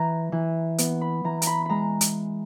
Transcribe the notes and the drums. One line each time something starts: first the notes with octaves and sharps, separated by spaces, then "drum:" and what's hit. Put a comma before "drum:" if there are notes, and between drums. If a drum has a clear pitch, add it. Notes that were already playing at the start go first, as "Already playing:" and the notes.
Already playing: E3 A#5
E3
B3, drum: hi-hat
B5
E3 A#5
A#5, drum: hi-hat
B5
G#3 A#5 B5
drum: hi-hat